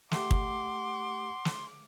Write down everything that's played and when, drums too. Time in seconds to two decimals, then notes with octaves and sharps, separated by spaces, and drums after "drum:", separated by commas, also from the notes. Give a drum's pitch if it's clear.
0.11 A3 G4 F#5 C6 D6, drum: snare
0.31 drum: kick
1.45 drum: snare